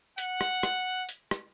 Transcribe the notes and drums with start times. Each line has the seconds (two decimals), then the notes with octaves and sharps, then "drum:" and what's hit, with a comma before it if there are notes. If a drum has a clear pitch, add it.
0.18 F#5, drum: hi-hat
0.41 drum: rim click
0.63 drum: rim click
1.09 drum: hi-hat
1.31 drum: rim click